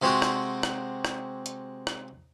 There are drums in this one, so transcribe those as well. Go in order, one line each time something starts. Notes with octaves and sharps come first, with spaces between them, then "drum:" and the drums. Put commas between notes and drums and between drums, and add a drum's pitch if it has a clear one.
C3 G#3 C4 F#4
drum: rim click
drum: rim click
drum: rim click
drum: hi-hat
drum: rim click